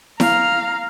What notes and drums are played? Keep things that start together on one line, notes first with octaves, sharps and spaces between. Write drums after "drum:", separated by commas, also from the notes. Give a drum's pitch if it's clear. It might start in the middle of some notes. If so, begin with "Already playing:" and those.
F5 A#5, drum: snare E4